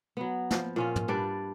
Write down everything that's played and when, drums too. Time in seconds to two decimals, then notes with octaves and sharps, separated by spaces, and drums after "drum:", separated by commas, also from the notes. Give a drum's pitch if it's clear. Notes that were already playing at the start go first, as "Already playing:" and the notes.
0.17 F#3 B3
0.51 F3, drum: snare
0.76 A#2 C#4 F4
0.96 drum: tom
1.08 G3 D4 B4 D5